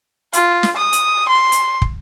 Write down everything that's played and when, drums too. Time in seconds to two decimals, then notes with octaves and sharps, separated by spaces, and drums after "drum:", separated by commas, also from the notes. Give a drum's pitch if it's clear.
0.33 F4, drum: hi-hat
0.63 drum: snare
0.76 D#6
0.93 drum: hi-hat
1.28 C6
1.52 drum: hi-hat
1.82 drum: kick